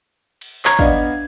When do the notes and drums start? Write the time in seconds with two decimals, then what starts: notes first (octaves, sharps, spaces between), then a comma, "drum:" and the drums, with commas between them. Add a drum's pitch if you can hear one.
0.41 drum: cymbal
0.65 C#5 A#5 G#6, drum: clap
0.79 B3 D4 D5 D#5 F5, drum: kick